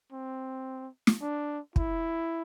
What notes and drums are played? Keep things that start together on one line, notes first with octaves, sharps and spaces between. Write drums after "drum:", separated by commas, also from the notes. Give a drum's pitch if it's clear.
C4
drum: snare
D4
E4, drum: kick